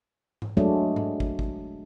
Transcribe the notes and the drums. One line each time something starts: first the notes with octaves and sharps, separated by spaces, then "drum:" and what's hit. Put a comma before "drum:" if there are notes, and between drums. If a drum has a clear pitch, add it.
drum: tom G#2
F#3 G#3 A3 D4
drum: tom G#2
drum: kick
drum: kick